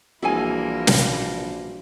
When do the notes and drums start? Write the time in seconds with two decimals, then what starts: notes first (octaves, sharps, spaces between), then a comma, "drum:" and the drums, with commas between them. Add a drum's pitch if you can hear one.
0.22 A#1 E3 G3 A#3 E4 F#4 G#4 G#5
0.87 drum: snare